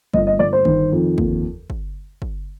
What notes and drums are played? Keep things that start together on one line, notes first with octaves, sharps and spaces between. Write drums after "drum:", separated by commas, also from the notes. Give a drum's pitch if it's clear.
G1 D#5, drum: kick
D#5
G1 D5
C5
D#3, drum: kick
F2
D#2, drum: kick
drum: kick
drum: kick